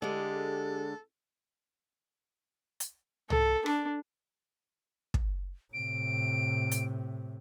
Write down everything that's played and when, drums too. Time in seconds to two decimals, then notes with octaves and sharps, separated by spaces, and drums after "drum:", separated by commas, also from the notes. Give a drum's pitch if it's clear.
0.02 D3 G#3 G4 A4
2.80 drum: hi-hat
3.30 A4, drum: tom
3.66 D4, drum: rim click
5.14 drum: kick
5.73 A2 C3 D7
6.71 drum: hi-hat